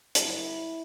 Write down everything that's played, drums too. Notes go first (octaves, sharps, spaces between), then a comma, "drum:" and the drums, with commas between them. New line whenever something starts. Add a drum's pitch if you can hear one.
G2 D3 F#3 A#3 E4, drum: hi-hat